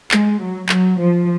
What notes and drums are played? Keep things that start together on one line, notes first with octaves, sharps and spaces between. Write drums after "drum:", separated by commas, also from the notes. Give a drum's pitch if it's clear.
G#3, drum: clap
F#3
F#3, drum: clap
F3